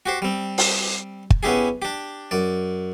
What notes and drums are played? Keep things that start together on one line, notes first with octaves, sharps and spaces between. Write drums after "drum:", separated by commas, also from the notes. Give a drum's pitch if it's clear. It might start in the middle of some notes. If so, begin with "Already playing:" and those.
F#4 G4 C5
G3 C4
drum: open hi-hat
drum: kick
B3 C#4 E4 G4 G#4
D4 G4
F#2 D5